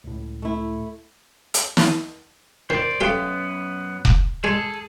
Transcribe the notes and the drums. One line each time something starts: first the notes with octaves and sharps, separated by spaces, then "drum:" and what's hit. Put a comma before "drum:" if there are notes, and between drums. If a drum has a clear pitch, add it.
C#2 A2
A3 E4
drum: hi-hat
drum: snare
D#3 C5 D5
F#2 A3 B3 G4 F5
drum: kick F1
G#3 G#4 A4